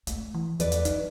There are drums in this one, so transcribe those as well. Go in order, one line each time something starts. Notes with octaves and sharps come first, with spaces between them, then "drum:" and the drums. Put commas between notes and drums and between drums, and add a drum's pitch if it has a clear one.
A3, drum: hi-hat
E3
E2 B4 D5, drum: hi-hat
drum: hi-hat
F#3 D#4, drum: hi-hat